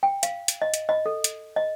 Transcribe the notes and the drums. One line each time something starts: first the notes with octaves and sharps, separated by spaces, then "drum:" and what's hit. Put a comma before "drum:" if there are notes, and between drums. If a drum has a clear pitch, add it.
G5
F5, drum: hi-hat
drum: hi-hat
D#5
drum: hi-hat
D#5
A4
drum: hi-hat
D#5